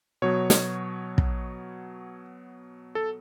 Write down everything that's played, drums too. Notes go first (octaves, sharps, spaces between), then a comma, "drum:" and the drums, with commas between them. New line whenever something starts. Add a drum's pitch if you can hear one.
B2 F#3 B3 C#5
drum: snare
drum: kick
A4